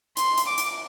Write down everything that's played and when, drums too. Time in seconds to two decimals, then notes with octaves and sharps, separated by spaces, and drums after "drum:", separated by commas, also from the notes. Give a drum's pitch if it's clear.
0.17 C6, drum: hi-hat
0.38 drum: hi-hat
0.48 D6
0.58 drum: hi-hat